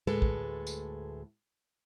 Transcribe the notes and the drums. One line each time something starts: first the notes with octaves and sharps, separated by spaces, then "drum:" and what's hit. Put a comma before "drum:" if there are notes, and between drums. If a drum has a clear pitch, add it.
D2 A2 G#3 A4 B4
drum: kick
drum: tambourine